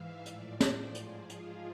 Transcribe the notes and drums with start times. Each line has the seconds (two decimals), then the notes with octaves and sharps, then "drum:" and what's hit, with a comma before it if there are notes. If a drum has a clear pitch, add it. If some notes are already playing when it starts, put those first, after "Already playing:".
Already playing: G#2 E3 E5 F5
0.26 A2 F3 D5, drum: hi-hat
0.61 C5, drum: snare
0.95 G#2 F3 G#4, drum: hi-hat
1.30 F4, drum: hi-hat